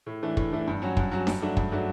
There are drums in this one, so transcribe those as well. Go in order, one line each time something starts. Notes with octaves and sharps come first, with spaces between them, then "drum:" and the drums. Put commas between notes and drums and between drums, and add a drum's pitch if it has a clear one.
A2
E3 A3 D4
A2, drum: kick
E3 A3 D4
G2
F#3 C#4 F#4
G2, drum: kick
F#3 C#4 F#4
G2, drum: snare D4
F#3 A3 D4 F#4
G2, drum: kick
F#3 A3 D4 F#4